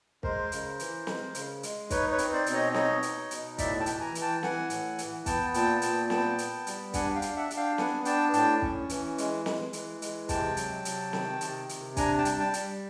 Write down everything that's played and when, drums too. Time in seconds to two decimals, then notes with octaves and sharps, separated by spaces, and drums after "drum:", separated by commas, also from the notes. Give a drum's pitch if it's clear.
0.23 G#3 A#4 C5, drum: kick
0.52 C#3, drum: hi-hat
0.79 E3, drum: hi-hat
1.07 G#3, drum: snare
1.35 C#3, drum: hi-hat
1.63 G#3, drum: hi-hat
1.90 D#4 B4 C#5, drum: kick, hi-hat
2.11 B4 C#5
2.18 C4, drum: hi-hat
2.33 C5 D5
2.46 B2, drum: hi-hat
2.53 C#5 D#5
2.74 D#4 C#5 D#5, drum: snare
3.03 D#4, drum: hi-hat
3.31 B2, drum: hi-hat
3.58 A2 D5 E5, drum: kick, hi-hat
3.80 G5 A5
3.86 E3, drum: hi-hat
4.00 G#5 A#5
4.15 E3, drum: hi-hat
4.21 G5 A5
4.43 E3 F#5 G#5, drum: snare
4.70 A2, drum: hi-hat
4.98 E3, drum: hi-hat
5.26 B3 G5 A5, drum: kick, hi-hat
5.54 A#2 G5 A5, drum: hi-hat
5.82 A#2 G5 A5, drum: hi-hat
6.10 B3 G5 A5, drum: snare
6.38 B3, drum: hi-hat
6.67 G3, drum: hi-hat
6.94 D4 F#5 G#5, drum: kick, hi-hat
7.15 F5 G5
7.22 D4, drum: hi-hat
7.36 E5 F#5
7.51 D4, drum: hi-hat
7.57 F5 G5
7.78 B3 F#5 G#5, drum: snare
8.05 D4 G5 A5, drum: hi-hat
8.33 A2 G5 A5, drum: hi-hat
8.62 C#4, drum: kick
8.89 E3, drum: hi-hat
9.18 G#3, drum: hi-hat
9.46 G#3, drum: snare
9.73 E3, drum: hi-hat
10.02 G#3, drum: hi-hat
10.29 C3 G5 A5, drum: kick, hi-hat
10.57 F#3, drum: hi-hat
10.85 C3, drum: hi-hat
11.13 D#3, drum: snare
11.41 C3, drum: hi-hat
11.69 C3, drum: hi-hat
11.97 D4 G#5 A#5, drum: kick, hi-hat
12.18 G5 A5
12.25 G3, drum: hi-hat
12.39 G5 A5
12.54 G3, drum: hi-hat